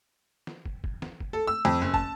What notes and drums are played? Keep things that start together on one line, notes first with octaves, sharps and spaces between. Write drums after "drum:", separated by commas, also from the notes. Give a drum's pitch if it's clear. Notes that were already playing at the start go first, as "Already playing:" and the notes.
drum: snare
drum: kick
drum: kick
drum: snare
drum: kick
A4
E6
F2
F#1
A5, drum: kick